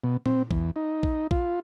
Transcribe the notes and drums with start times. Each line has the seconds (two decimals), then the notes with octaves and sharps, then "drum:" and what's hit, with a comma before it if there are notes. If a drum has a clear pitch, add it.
0.04 B2
0.26 C4, drum: tom A#2
0.51 E2, drum: kick A#1
0.76 D#4
1.03 drum: kick A#1
1.31 F4, drum: kick A#1